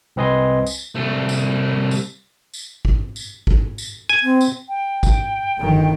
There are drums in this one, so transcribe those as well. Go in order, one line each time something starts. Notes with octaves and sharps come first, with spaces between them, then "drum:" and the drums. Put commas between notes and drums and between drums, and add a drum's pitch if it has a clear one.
C2 C4 B4 D#5 G#5 C6
drum: tambourine
C2 A3
drum: tambourine
drum: tambourine
drum: tambourine
drum: kick
drum: tambourine
drum: kick
drum: tambourine
G#5
C4
drum: tambourine
G5
drum: kick, tambourine
G1 D#3